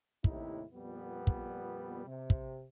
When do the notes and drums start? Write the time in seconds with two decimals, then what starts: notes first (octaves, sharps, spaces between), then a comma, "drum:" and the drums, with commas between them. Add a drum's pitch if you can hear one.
0.24 D#2 A2 C3 D#4 E4, drum: kick
0.74 F2 A#2 G3 B3
1.27 drum: kick
2.06 C3
2.30 drum: kick